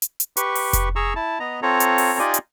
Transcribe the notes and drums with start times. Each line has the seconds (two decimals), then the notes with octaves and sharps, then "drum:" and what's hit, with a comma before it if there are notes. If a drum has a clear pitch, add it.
0.02 drum: hi-hat
0.20 drum: hi-hat
0.37 G4 B4 C#6, drum: hi-hat
0.55 drum: open hi-hat
0.73 drum: kick F1, hi-hat
0.96 G#4 A#5 C#6 E6
1.16 E4 A5
1.40 B3 D#5 A#5
1.62 C4 F4 A4 C#5 A#5
1.80 drum: hi-hat
1.98 drum: open hi-hat
2.19 D#4 F4 G4 D5 D#5 G#5
2.34 drum: hi-hat